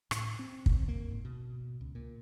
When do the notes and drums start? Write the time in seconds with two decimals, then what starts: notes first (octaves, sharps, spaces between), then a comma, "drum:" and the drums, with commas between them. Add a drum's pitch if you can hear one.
0.11 A2, drum: rim click
0.39 C4
0.66 drum: kick
0.88 A#3
1.11 G#2
1.25 B2
1.81 C#2
1.95 A#2